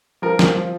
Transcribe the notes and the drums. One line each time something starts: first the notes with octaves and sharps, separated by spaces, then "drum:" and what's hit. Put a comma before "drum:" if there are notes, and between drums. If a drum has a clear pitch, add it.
F3 A#4
F3, drum: snare
F3